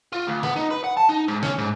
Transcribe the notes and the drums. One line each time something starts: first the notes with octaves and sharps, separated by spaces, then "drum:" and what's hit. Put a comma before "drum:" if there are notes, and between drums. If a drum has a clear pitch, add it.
F4
D2
B3, drum: snare
D#4
B4
F#5
A5
D#4
G#2
C#4, drum: snare
G#2